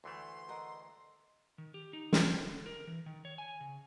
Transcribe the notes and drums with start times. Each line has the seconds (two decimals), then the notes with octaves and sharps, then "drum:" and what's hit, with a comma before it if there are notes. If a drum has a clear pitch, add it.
0.04 D2 E3 A3 C6
0.49 A#4 D#5 F#5
1.58 D#3
1.74 G4
1.93 D#4
2.13 C#5, drum: snare
2.28 C5
2.39 D3
2.66 A#4
2.87 E3
3.06 D#3
3.25 C#5
3.38 G#5
3.60 C#3